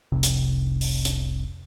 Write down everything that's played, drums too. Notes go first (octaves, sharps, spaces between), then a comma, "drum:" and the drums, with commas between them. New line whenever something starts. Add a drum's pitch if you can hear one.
F1 C2 C3
drum: hi-hat
drum: open hi-hat
drum: hi-hat